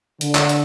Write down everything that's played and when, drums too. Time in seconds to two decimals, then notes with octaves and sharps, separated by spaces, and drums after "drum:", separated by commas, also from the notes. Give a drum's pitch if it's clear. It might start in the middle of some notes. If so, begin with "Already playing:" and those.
0.21 D3, drum: hi-hat
0.35 drum: clap
0.49 drum: hi-hat